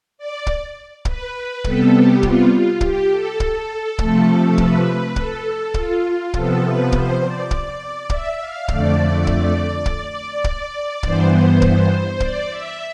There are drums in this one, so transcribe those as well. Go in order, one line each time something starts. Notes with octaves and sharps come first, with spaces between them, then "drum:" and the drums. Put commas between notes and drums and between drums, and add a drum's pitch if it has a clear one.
D5
drum: kick
B4, drum: kick
C3 G3 B3 A4, drum: kick
G4
F4, drum: kick
F4
G4, drum: kick
A4
drum: kick
C3 F3 A3, drum: kick
B4, drum: kick
A4, drum: kick
F4, drum: kick
C3 F3 B3 A4, drum: kick
B4
C5, drum: kick
D5
drum: kick
E5, drum: kick
F5
F2 D3 A3 D5, drum: kick
drum: kick
drum: kick
drum: kick
G2 E3 B3 C5, drum: kick
drum: kick
D5, drum: kick
E5